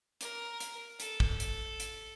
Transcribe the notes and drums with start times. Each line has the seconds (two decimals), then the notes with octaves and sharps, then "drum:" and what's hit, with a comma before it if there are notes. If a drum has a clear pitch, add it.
0.21 A#4, drum: hi-hat
0.60 drum: hi-hat
1.00 A4, drum: hi-hat
1.20 drum: kick
1.40 drum: hi-hat
1.80 drum: hi-hat